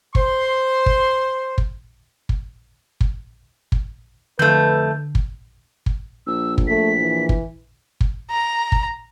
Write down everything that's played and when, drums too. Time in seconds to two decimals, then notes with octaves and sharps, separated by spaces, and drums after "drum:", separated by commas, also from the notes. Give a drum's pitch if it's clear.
0.15 C5 C6, drum: kick
0.86 drum: kick
1.58 drum: kick
2.29 drum: kick
3.01 drum: kick
3.72 drum: kick
4.39 F2 D3 A3 B4 G6
5.15 drum: kick
5.86 drum: kick
6.27 A#1 E6
6.58 drum: kick
6.68 A3 B6
7.00 E3
7.29 drum: kick
8.01 drum: kick
8.30 A#5
8.72 drum: kick